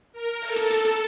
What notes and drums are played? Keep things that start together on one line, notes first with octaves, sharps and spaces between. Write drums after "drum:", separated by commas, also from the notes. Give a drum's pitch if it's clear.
A#4
A4, drum: open hi-hat
drum: hi-hat
drum: hi-hat
drum: hi-hat